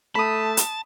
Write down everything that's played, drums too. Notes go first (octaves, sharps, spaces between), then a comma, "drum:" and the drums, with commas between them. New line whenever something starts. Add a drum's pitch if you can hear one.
A3 A5 B5 D#6
drum: hi-hat